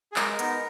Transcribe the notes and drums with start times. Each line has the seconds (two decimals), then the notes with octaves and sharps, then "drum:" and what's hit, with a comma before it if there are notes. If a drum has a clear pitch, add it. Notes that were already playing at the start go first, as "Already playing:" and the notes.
0.12 G#4
0.16 G#3 A#4, drum: clap
0.39 B3 D#4, drum: hi-hat